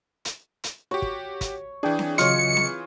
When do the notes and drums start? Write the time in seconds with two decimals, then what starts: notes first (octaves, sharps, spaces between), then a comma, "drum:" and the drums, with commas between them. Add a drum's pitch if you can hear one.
0.25 drum: hi-hat
0.64 drum: hi-hat
0.91 F#4 G4 C#5
1.02 drum: kick
1.41 drum: kick, hi-hat
1.83 E3 D4 G#4 G5
1.99 drum: snare C4
2.18 C#3 F#3 F4 C#5 D#5 C#7, drum: hi-hat
2.57 drum: snare C4